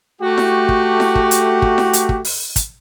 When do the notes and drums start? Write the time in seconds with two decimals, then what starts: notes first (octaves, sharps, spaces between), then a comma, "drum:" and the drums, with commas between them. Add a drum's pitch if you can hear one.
0.22 A3 F#4 G4
0.37 drum: snare E4
0.69 drum: kick
1.00 drum: snare E4
1.15 drum: kick
1.31 drum: hi-hat
1.62 drum: kick
1.78 drum: snare E4
1.93 drum: hi-hat
2.09 drum: kick
2.25 drum: open hi-hat
2.56 drum: kick, hi-hat